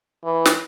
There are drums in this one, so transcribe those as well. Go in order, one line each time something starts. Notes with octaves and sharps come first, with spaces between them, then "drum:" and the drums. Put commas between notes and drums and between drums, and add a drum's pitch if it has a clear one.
E3
drum: snare